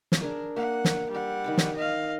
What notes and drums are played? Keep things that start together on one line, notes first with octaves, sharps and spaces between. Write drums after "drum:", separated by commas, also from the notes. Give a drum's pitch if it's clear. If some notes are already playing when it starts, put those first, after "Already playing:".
drum: snare
D4 G#4 A#4
A#3 F#5
drum: snare
G3 F#5
D#3 B5 D6
drum: snare
D#5 F5